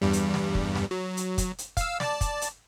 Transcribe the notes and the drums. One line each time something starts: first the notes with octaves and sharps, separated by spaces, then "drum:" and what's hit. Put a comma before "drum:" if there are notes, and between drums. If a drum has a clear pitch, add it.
E2 G2 G3
drum: hi-hat
drum: snare
drum: kick
drum: snare
F#3
drum: hi-hat
drum: kick, hi-hat
drum: hi-hat
F5 E6, drum: kick, hi-hat
D5 A5, drum: snare
drum: kick, hi-hat
drum: hi-hat